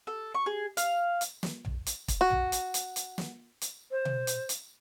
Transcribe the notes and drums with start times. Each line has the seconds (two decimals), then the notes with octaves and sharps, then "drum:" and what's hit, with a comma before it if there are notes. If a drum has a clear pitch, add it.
0.07 A4
0.35 C#6
0.46 G#4
0.77 F5, drum: hi-hat
1.21 drum: hi-hat
1.43 drum: snare
1.65 drum: tom B1
1.86 drum: hi-hat
2.08 drum: kick, hi-hat
2.21 F#4
2.30 drum: tom B1
2.52 drum: hi-hat
2.74 drum: hi-hat
2.96 drum: hi-hat
3.18 drum: snare
3.62 drum: hi-hat
3.91 C5
4.05 drum: tom B2
4.27 drum: hi-hat
4.49 drum: hi-hat